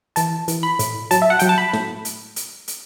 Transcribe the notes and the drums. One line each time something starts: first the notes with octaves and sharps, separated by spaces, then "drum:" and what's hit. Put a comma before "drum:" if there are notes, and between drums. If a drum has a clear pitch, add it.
E3 A5, drum: hi-hat
E3, drum: hi-hat
B5
A2, drum: hi-hat
F#3 A5, drum: hi-hat
E5
F#5
F#3 G5, drum: hi-hat
A5
B5
A2, drum: snare
drum: hi-hat
drum: hi-hat
drum: hi-hat